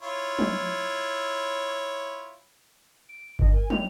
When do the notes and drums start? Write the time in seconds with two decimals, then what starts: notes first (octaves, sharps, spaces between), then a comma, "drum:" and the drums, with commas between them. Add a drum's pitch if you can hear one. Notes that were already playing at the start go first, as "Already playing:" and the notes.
0.02 E4 F4 C#5
0.39 drum: tom
3.09 D7
3.39 C#2 G2 D3 D#5, drum: kick G1
3.52 A#4 G#5
3.70 G5 F7, drum: tom